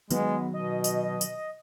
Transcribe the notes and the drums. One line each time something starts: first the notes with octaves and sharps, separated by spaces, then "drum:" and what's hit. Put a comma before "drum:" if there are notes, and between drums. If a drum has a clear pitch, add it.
D#3 F#3 G#3 B3, drum: tambourine
B2 D#5
drum: tambourine
drum: tambourine